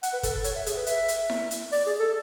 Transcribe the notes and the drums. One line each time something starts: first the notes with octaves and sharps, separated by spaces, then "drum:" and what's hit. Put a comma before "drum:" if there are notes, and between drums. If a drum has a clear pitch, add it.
F#5, drum: hi-hat
B4
A4, drum: kick, hi-hat
A4
C#5, drum: hi-hat
E5
G#4, drum: hi-hat
B4
E5, drum: hi-hat
drum: hi-hat
drum: snare E4
drum: hi-hat
D5, drum: open hi-hat
G#4
A4